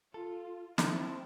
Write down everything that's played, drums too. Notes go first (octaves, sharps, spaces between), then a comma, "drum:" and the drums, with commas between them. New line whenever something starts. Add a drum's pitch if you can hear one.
F4 A4
C4 E4 D#5 A5, drum: snare